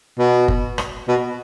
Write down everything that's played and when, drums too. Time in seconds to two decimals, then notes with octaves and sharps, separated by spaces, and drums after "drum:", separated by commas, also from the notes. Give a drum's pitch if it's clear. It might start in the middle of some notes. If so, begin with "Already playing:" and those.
0.19 B2
0.48 drum: kick
0.78 drum: rim click
1.08 B2